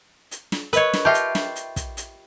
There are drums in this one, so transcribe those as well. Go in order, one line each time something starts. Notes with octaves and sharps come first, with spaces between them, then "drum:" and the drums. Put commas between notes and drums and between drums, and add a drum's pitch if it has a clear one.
drum: hi-hat
drum: snare
A#4 B4 C#5 D#5, drum: hi-hat
drum: snare
D#4 F4 G4 E5 G5
drum: hi-hat
drum: snare
drum: hi-hat
drum: kick, hi-hat
drum: hi-hat